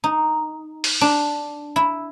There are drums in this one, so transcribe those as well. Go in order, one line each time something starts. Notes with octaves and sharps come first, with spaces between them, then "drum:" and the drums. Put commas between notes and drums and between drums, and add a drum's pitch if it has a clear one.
D#4
drum: open hi-hat
D4
E4